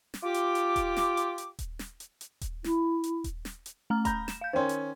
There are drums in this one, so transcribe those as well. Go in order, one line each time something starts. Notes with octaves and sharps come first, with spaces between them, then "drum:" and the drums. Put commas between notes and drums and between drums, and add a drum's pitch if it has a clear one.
drum: snare
F4 G4 D6
drum: hi-hat
drum: hi-hat
drum: kick D#1, hi-hat
drum: snare
drum: hi-hat
drum: hi-hat
drum: kick D#1, hi-hat
drum: snare
drum: hi-hat
drum: hi-hat
drum: kick D#1, hi-hat
E4, drum: snare
drum: hi-hat
drum: kick D#1, hi-hat
drum: snare
drum: hi-hat
A3 A#5 F6
A#5 B5 G6, drum: kick D#1, hi-hat
E7, drum: snare
F5 G6
D#3 C#4 C5 G5 C6
drum: hi-hat